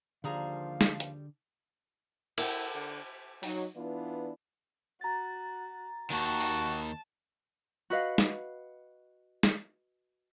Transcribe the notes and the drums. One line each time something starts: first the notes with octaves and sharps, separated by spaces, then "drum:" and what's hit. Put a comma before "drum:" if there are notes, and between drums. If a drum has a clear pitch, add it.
D#2 D3 F3 G3 G#4 F5 A#5
drum: snare
drum: hi-hat
E4 A#4 F#5 G5, drum: cymbal
D3
F#3 D#4, drum: open hi-hat
E3 B3 D4 E4 F4 D5
F#4 A#5 A6
D#2 D#3 F#4 A5
drum: open hi-hat
F#4 B4 D#5 F5
drum: snare
drum: snare